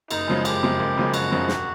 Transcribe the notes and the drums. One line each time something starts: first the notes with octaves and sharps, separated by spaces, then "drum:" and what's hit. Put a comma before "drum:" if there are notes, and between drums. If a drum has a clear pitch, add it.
F#1 D#4, drum: cymbal
F#2 C#3 F3 G#3
F#1 G4, drum: cymbal
F#2 C#3 F3 G#3
F#1
F#2 C#3 F3 G#3
F#1 F#4, drum: cymbal
F#2 C#3 F3 G#3
E1, drum: snare